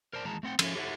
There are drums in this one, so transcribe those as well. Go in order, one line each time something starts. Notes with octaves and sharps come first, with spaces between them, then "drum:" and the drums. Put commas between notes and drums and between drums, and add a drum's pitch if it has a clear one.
A#4 C5 D5 A5
D#2 E3 G#3 G#4 A5 A#5
A3 C4 F#5 G5
F3 C#4 E5, drum: cymbal
G4 A4 C#5 E5 F#5